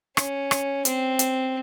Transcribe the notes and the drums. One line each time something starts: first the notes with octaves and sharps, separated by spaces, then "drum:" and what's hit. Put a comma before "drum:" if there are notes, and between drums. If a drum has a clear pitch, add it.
C#4, drum: rim click
drum: rim click
C4, drum: hi-hat
drum: hi-hat